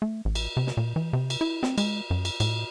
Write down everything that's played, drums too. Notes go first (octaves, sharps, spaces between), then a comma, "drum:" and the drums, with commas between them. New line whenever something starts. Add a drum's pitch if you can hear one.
A3
A1
drum: cymbal
C3
drum: snare
A#2
E3
C3
drum: cymbal
E4
C4, drum: snare
G#3, drum: cymbal
F#2
drum: cymbal
A2, drum: cymbal